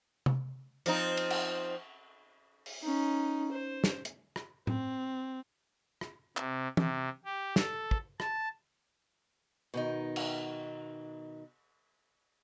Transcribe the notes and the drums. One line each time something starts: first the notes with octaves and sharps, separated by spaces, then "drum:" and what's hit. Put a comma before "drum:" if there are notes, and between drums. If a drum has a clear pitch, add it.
drum: tom C3
F3 C4 D#4, drum: hi-hat
drum: cymbal
drum: cymbal
drum: open hi-hat
C#4 D#4
C5
drum: snare
drum: hi-hat
drum: rim click
C4, drum: tom A2
drum: rim click
C3, drum: clap
C3, drum: tom
G4
A4, drum: snare
drum: kick
A5, drum: rim click
B2 D#3 D#4
drum: cymbal